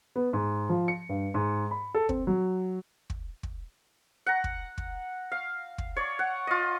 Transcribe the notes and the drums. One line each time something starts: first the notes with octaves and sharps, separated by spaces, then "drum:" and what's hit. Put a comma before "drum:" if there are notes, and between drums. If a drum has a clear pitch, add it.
B3
G#2
F3
C#7
G2
G#2
B5
A4
C4, drum: kick
F#3
drum: kick
drum: kick
F#5 A#5
drum: kick
drum: kick
F5
drum: kick
C#5 D5
F#5
F4 D#5